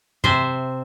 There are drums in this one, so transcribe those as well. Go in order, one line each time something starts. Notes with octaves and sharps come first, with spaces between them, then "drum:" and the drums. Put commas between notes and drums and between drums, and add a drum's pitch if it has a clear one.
C3 C5 E5, drum: tom G2